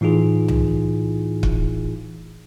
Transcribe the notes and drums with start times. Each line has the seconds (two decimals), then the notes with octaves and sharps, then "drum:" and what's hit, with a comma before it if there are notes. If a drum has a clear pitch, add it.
0.01 A2 E3 D#4 F4 G#4
0.48 drum: tom C2
1.43 drum: kick